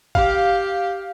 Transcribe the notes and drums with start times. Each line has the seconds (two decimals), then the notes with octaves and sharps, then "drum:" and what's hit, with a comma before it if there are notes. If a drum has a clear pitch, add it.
0.15 G4 F5, drum: kick